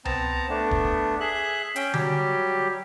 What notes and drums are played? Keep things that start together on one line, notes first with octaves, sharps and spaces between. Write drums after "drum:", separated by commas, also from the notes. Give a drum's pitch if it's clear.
B3 C4 A5 A#5, drum: tom C2
A3 B3 D4
drum: kick D#1
G#4 E5 F#6
C#4 G5, drum: hi-hat
F#3 G3 G4, drum: tom D3